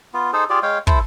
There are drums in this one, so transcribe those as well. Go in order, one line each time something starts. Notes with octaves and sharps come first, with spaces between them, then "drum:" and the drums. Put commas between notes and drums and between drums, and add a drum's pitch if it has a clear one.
B3 F4
D#4 G#4 A4 C5
F4 G4 G#4 D5
G#3 C#5 F5 G5
E4 A4 C5, drum: kick